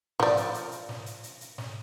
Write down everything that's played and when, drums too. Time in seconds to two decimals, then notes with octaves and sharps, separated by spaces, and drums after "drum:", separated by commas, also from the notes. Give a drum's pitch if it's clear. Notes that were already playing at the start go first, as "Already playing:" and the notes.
0.20 F3 D5, drum: snare
0.37 drum: hi-hat
0.54 drum: hi-hat
0.72 drum: hi-hat
0.89 drum: snare
1.06 drum: hi-hat
1.23 drum: hi-hat
1.41 drum: hi-hat
1.58 drum: snare